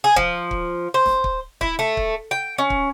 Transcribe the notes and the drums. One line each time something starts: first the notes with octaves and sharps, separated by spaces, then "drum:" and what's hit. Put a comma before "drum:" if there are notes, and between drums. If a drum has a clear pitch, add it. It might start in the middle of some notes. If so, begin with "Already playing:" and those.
G#4
F3, drum: kick
drum: kick
C5
drum: snare
drum: kick
E4, drum: kick
A3
drum: kick
G5
C#4
drum: kick